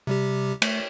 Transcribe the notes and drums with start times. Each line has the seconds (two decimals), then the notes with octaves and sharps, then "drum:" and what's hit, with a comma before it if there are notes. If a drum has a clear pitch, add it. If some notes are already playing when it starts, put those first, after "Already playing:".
0.07 C3 G3 G4
0.62 A3, drum: cymbal